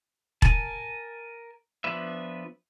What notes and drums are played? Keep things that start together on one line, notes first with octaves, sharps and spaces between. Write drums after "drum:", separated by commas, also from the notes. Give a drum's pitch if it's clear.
A#4 G#5 A5, drum: kick E1
F3 B3 D4 B4 E5